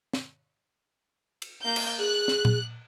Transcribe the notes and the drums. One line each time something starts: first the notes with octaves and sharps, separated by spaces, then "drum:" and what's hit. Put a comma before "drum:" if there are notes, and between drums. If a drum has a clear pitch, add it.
drum: snare
drum: cymbal
A#3 G6
drum: cymbal
G#4 F#6
drum: snare
drum: tom A#2